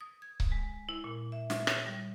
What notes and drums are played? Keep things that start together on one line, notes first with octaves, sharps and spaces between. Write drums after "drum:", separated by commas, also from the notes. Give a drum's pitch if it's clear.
D#6
G#6
drum: kick C#1
G#3
E4
A#2
E5
E5, drum: snare
C#5, drum: rim click
G3